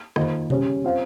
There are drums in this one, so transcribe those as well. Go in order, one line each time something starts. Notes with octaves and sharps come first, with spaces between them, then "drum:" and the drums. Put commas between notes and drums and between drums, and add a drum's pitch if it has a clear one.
D#3 A#3 F4 C5 D#5, drum: rim click
C#3 G3 C#4, drum: tom B2
C4 F4 C5 F5